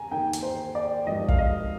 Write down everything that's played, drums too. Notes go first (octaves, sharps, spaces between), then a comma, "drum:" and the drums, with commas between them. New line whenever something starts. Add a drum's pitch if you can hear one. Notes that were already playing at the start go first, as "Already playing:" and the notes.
Already playing: G#5 A#5
D#2 D#3 G5
drum: hi-hat
C5
D5
G#1 G2 F3 D#5
F5, drum: kick
D#5